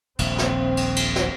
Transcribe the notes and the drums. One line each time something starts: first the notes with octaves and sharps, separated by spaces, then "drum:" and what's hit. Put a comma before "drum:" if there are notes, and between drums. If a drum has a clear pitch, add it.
D#1 A#1 C4, drum: cymbal
drum: snare
drum: cymbal
drum: cymbal
drum: snare